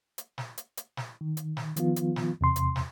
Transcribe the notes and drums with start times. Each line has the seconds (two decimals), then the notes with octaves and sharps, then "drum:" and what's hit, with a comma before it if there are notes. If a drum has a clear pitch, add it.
0.18 drum: hi-hat
0.38 drum: snare
0.57 drum: hi-hat
0.77 drum: hi-hat
0.97 drum: snare
1.21 D#3
1.37 drum: hi-hat
1.57 drum: snare
1.76 D#3 F3 B3 F4, drum: hi-hat
1.96 drum: hi-hat
2.16 drum: snare
2.41 E2 C3 C6
2.56 drum: hi-hat
2.76 drum: snare